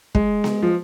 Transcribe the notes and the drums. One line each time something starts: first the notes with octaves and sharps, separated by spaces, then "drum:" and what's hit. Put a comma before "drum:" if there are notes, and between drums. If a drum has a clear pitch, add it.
G#3, drum: kick
drum: snare B3
F3